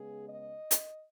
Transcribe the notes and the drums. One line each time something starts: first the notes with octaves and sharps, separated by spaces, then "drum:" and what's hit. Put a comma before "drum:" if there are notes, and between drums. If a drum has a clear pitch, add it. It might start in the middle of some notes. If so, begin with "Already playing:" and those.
Already playing: C#3 G#3 B3 G#4
D#5
drum: hi-hat